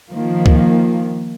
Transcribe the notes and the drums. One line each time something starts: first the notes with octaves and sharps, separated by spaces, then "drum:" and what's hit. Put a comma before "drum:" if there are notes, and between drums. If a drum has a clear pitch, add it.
D#3 F3 A#3
drum: kick